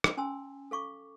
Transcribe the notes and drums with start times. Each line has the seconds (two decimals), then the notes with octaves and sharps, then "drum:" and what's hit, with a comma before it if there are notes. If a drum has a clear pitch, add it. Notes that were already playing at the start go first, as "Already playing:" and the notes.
0.04 drum: rim click
0.17 C#4 G#5 A5 C6 E6
0.71 A4 F5 C#6 D6